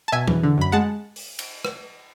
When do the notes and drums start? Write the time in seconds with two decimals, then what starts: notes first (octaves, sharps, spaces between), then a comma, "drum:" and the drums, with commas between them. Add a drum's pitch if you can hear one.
0.08 A5
0.12 B2 E5 G#5
0.28 E2, drum: tom
0.43 D3
0.58 F#2 B5
0.72 G#3 F#5 A5
1.16 drum: open hi-hat
1.39 drum: cymbal
1.65 drum: rim click